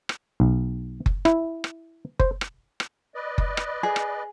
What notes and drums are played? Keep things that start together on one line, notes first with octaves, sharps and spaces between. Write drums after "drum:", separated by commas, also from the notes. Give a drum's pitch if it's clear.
drum: rim click
B1
drum: kick F#1
E4, drum: rim click
drum: rim click
C5, drum: kick F#1
drum: rim click
drum: rim click
B4 D5 D#5
drum: kick F#1
drum: rim click
G#4
drum: rim click